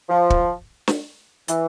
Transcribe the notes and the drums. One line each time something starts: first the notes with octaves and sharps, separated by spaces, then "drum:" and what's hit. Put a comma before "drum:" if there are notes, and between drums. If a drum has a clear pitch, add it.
F3
drum: kick
drum: snare
E3, drum: hi-hat